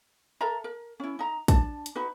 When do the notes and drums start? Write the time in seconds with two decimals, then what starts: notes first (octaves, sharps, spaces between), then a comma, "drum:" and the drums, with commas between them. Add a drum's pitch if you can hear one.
0.41 A4 A#4 E5 A#5
0.64 A#4
1.00 C#4 E4
1.19 D#4 A#5
1.48 D4 A5, drum: kick, hi-hat
1.86 drum: hi-hat
1.96 D#4 F#4 B4